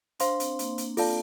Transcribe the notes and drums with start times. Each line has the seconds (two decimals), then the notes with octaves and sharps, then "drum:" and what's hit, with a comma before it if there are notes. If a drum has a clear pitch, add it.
0.20 D4 C5 F5 C6, drum: hi-hat
0.40 C4, drum: hi-hat
0.59 A#3, drum: hi-hat
0.78 drum: hi-hat
0.97 C4 F4 A4 D5 F5 A5, drum: open hi-hat